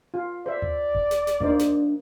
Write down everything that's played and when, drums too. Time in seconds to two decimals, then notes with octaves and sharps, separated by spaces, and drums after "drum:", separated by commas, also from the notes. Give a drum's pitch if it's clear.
0.14 F4
0.46 C5 D5 E5
0.62 drum: tom D2
0.95 drum: kick D#1
1.11 drum: snare
1.27 drum: snare
1.40 A#3 D4 D#4 C5, drum: tom D2
1.59 drum: snare